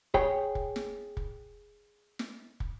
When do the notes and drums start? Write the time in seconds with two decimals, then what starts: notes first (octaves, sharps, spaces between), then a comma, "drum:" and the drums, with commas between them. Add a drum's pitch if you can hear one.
0.14 G#4 C#5 G5, drum: kick
0.55 drum: kick
0.76 drum: snare
1.17 drum: kick
2.19 drum: snare
2.60 drum: kick